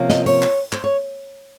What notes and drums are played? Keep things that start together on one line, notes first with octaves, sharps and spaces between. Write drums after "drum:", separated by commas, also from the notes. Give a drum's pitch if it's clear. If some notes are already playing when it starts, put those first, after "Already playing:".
Already playing: C3 F3 A#3 C#4
D#5, drum: snare
C#5, drum: open hi-hat
drum: clap
C5, drum: clap
C#5